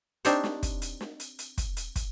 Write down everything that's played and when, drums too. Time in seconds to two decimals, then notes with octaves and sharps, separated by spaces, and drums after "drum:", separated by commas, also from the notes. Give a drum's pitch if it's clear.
0.25 C4 D4 D#4 G4 C5 C#5, drum: hi-hat
0.44 drum: snare
0.63 drum: kick, hi-hat
0.82 drum: hi-hat
1.01 drum: snare
1.20 drum: hi-hat
1.39 drum: hi-hat
1.58 drum: kick, hi-hat
1.77 drum: hi-hat
1.96 drum: kick, hi-hat